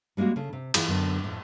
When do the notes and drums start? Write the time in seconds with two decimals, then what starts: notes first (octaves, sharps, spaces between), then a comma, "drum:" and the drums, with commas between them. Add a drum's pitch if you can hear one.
0.17 G3 G#3 A#3 C#4 F#4
0.36 C#3 A3
0.53 C3
0.74 E3 E4 F4 G#4, drum: cymbal
0.88 F#2 D3 B3
1.24 F2 A2